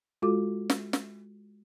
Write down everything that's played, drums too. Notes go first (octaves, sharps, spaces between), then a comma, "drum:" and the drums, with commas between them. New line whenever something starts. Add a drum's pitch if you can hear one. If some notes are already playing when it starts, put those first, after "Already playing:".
G#3 F4 F#4 A4 D6
drum: snare
drum: snare